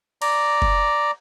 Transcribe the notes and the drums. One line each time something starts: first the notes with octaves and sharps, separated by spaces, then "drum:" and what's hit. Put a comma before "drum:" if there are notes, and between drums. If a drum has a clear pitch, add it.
D5 A#5, drum: cymbal
drum: kick F#1